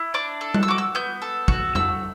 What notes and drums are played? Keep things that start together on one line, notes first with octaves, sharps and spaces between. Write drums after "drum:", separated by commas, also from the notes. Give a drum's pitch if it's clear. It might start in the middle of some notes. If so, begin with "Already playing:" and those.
Already playing: E4
D4 D6
A4
F#6, drum: tom G3
E6
F#4 D6
E6
B3 G6
A4
F#4, drum: kick
A3 E6, drum: tom F2